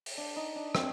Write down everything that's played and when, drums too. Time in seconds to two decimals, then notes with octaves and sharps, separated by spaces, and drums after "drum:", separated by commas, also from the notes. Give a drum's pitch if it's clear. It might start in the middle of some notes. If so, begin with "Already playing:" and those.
0.06 drum: open hi-hat
0.17 D4
0.36 D#4
0.55 D4
0.75 C4, drum: rim click